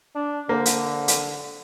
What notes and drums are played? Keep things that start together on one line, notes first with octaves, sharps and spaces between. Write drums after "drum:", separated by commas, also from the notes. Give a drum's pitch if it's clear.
D4
D3 A#3 C5
drum: hi-hat
drum: hi-hat